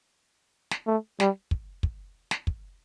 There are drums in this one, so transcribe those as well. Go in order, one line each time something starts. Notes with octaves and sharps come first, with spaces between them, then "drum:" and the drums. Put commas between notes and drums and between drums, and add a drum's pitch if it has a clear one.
drum: snare
A3
G3, drum: snare
drum: kick
drum: kick
drum: snare
drum: kick